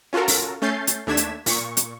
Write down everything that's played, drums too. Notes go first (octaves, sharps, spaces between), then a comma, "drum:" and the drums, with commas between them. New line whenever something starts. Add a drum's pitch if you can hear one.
C#4 F4 F#4 A4 A#4
drum: open hi-hat
A3 C#4 G6 A6 C7
drum: hi-hat
D#2 A3 D4 G#6 B6 E7
drum: hi-hat
A#2 C#6, drum: open hi-hat
drum: hi-hat